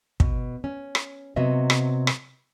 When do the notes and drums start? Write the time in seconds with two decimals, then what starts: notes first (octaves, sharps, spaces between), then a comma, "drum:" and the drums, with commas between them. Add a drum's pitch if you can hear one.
0.20 B2, drum: kick
0.64 C#4
0.95 drum: rim click
1.36 C3 F#3 B3 D#5 E5
1.70 drum: rim click
2.07 drum: rim click